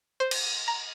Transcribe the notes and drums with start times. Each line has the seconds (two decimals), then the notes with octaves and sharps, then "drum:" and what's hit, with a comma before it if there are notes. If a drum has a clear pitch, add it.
0.20 C5
0.31 drum: cymbal
0.68 A#5